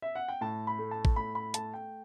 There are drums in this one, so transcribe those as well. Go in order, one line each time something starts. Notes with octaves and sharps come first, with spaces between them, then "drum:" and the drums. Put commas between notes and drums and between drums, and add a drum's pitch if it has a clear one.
E5
F#5
G5
A2 A5
B5
A3
A5
drum: kick A1
A2 B5
B5
A3 A5, drum: hi-hat
G5